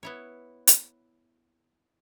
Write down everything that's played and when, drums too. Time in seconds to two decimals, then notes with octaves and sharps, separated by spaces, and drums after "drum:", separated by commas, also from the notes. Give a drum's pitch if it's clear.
0.03 B3 E4 C#5
0.67 drum: hi-hat